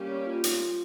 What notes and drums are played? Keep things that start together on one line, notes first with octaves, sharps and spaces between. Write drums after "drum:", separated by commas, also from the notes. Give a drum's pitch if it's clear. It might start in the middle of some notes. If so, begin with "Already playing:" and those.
Already playing: G3 A#3 C#4 G4
C#5
F4
drum: hi-hat